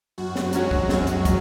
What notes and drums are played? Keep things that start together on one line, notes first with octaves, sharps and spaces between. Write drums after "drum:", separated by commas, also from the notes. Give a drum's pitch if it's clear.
F#2 F#4
drum: snare
F#3 G#3 C#4 F#4, drum: hi-hat
drum: kick
F#2 G#3, drum: snare
drum: hi-hat
F#3, drum: kick, hi-hat